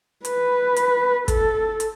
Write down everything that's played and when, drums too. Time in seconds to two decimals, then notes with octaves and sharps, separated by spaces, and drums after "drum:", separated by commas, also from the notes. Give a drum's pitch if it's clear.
0.25 B4, drum: hi-hat
0.76 drum: hi-hat
1.28 A4, drum: kick, hi-hat
1.80 drum: hi-hat